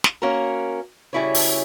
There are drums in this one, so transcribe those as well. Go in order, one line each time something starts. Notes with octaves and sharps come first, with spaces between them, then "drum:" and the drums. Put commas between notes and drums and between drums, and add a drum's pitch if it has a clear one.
drum: snare
A#3 C#4 F#4 A#4
C#3 G3 C#4 E4 F#4 C#5
drum: open hi-hat